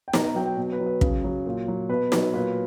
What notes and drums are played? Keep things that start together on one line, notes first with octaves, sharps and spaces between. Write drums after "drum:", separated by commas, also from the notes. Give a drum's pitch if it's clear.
G5
B2 A#5, drum: snare
A#5
F#3 G5
G5
B2
B4
F#3
B4
C#3, drum: kick
F#3
A#2
F#3
B2 B4
F#3, drum: snare
A#2 B4